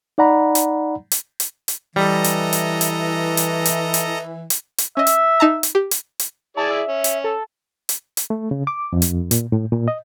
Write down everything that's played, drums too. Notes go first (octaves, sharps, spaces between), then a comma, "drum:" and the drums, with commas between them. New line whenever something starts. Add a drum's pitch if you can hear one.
D#4 D5 F#5 A#5 B5
drum: hi-hat
drum: hi-hat
drum: hi-hat
drum: hi-hat
E3 G3 A4 D#5 A#5
drum: hi-hat
drum: hi-hat
drum: hi-hat
drum: hi-hat
drum: hi-hat
drum: hi-hat
drum: hi-hat
drum: hi-hat
C#4 D#5 E5
drum: hi-hat
D#4 A5 A#5
drum: hi-hat
G4
drum: hi-hat
drum: hi-hat
E4 G#4 D5 A5
E5
C#4
drum: hi-hat
A4
drum: hi-hat
drum: hi-hat
A3
C#3
D6
F2
drum: hi-hat
A#2, drum: hi-hat
A2
A#2
D#5